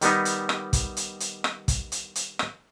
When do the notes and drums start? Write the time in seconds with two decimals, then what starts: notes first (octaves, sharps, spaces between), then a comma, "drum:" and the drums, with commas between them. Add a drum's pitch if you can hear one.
0.01 D#3 G3 B3 D#4, drum: hi-hat
0.25 drum: hi-hat
0.49 drum: rim click
0.73 drum: kick, hi-hat
0.97 drum: hi-hat
1.20 drum: hi-hat
1.44 drum: rim click
1.68 drum: kick, hi-hat
1.92 drum: hi-hat
2.15 drum: hi-hat
2.39 drum: rim click